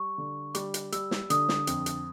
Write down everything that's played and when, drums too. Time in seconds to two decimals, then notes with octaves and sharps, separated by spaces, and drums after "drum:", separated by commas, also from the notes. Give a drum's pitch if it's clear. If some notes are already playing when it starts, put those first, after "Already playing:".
Already playing: G3 C#6
0.18 D3
0.55 G3 D6, drum: hi-hat
0.74 drum: hi-hat
0.92 G3 E6, drum: hi-hat
1.11 drum: snare
1.30 D3 D#6, drum: hi-hat
1.49 drum: snare
1.67 F2, drum: hi-hat
1.86 drum: hi-hat